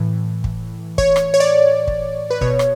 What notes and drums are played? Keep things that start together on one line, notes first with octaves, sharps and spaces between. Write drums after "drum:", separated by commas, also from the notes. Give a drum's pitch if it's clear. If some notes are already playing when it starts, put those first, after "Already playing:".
Already playing: A2 E3
drum: kick
C#5, drum: kick
drum: rim click
C#5
D5
C#5
drum: kick
B4
B2 C#5, drum: kick
drum: rim click